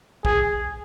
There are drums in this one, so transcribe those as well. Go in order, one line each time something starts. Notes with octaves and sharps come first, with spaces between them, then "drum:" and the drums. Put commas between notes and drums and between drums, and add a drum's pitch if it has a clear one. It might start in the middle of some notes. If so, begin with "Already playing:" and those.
G#4, drum: kick